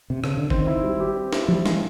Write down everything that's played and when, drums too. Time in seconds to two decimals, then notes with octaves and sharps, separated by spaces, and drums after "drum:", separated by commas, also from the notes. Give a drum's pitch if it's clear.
0.10 C3
0.24 C#3, drum: rim click
0.37 D3
0.50 D#3 C4, drum: kick F#1
0.67 E4
0.83 G3
1.00 G4
1.16 C4
1.33 E4, drum: snare
1.48 F3 G3
1.66 E3 G#3, drum: snare